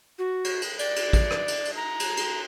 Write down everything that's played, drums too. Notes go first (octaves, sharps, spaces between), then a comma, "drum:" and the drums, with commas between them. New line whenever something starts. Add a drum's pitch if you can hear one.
F#4
drum: cymbal
drum: cymbal
D5, drum: cymbal
drum: cymbal
drum: kick, cymbal
drum: rim click
drum: cymbal
drum: cymbal
A#5
drum: cymbal
drum: cymbal